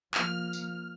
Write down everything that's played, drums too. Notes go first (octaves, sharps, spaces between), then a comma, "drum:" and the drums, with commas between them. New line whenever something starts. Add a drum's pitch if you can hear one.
F3 A#3 F6, drum: clap
drum: tambourine